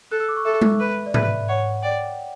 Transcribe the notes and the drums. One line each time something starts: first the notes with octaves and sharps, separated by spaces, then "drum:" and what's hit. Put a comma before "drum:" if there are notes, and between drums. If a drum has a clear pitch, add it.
A4 F#6
E6
D6
C#6
A4 E5
drum: tom G#3
B4
D5
B4 E5, drum: tom G#2
C#5 F#5
D5 G5